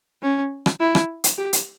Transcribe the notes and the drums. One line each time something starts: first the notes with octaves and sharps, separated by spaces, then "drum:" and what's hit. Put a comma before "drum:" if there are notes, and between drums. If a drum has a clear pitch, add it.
C#4
drum: rim click
E4
drum: rim click
drum: hi-hat
G4
drum: hi-hat